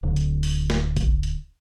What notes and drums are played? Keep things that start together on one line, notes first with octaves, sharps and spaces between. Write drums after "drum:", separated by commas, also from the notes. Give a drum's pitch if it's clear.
D1 D3
drum: hi-hat
drum: open hi-hat
drum: snare
drum: kick A1, hi-hat
drum: hi-hat